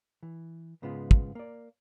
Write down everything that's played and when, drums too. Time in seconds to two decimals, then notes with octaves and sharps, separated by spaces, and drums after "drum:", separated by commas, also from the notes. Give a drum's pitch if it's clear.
0.23 E3
0.82 G#2 C#3 G#3 B3 F4
1.11 drum: kick
1.35 A#3 D5